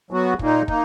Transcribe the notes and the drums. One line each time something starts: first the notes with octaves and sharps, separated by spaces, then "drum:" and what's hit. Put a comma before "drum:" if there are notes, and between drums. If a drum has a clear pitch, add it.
F#3 B3 F#4
A#2 A#3 D#4, drum: kick
A#3 D#4, drum: kick